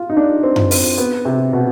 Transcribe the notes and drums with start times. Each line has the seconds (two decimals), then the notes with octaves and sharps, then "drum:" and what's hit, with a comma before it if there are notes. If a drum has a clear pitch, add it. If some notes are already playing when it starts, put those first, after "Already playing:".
Already playing: F4
0.10 D#4
0.17 D4
0.43 C4
0.56 drum: tom F#2
0.71 C4, drum: open hi-hat
0.98 B3
1.25 C3
1.53 B2